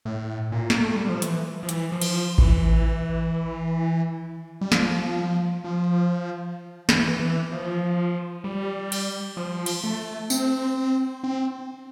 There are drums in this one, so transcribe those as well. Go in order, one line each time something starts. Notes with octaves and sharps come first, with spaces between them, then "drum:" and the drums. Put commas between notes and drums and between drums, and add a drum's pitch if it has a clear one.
A2
A#2
A#3, drum: snare
A3
G3
F3
E3, drum: hi-hat
F3
E3, drum: hi-hat
F3
drum: cymbal
E3, drum: kick A1
G3
F3, drum: snare
F3
E3, drum: snare
E3
F3
G3
drum: cymbal
F3
drum: cymbal
A3
C4, drum: tambourine
C4